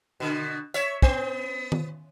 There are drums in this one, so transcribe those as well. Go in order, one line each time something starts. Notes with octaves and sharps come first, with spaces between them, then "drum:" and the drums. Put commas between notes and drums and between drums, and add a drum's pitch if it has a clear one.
B2 D3
C#5 E5, drum: tambourine
B3, drum: kick
drum: tom D#3